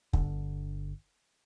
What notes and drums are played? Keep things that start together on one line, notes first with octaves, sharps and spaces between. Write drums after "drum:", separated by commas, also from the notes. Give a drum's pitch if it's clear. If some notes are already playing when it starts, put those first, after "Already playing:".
G1 D3, drum: kick